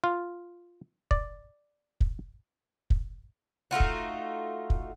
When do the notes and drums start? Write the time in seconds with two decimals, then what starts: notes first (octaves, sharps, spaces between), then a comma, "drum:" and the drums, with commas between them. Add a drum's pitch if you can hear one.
0.04 F4
1.11 D5, drum: kick
2.01 drum: kick
2.90 drum: kick
3.71 A3 D#4 F4 F#4
3.80 drum: kick
4.70 drum: kick